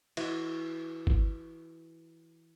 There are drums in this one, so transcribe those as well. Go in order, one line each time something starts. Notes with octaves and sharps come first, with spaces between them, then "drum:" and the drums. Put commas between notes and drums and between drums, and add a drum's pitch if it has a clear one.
E3 F#4, drum: cymbal
drum: kick G1